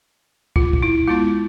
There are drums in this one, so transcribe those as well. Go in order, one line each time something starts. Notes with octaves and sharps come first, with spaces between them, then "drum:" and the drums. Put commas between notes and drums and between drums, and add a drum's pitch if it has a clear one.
F4, drum: kick
drum: kick
E4
G#3 B3 E4 F4